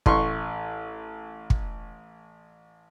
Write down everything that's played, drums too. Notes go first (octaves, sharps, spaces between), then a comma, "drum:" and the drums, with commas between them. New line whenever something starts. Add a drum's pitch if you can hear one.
A1 C6 C#6, drum: kick
drum: kick